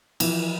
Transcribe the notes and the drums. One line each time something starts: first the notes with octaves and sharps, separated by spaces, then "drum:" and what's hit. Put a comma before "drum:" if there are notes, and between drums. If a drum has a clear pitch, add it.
E3 F3, drum: cymbal